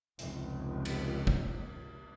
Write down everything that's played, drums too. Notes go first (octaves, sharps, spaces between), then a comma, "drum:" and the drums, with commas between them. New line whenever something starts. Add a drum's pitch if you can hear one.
F1 C#2, drum: hi-hat
drum: cymbal
drum: kick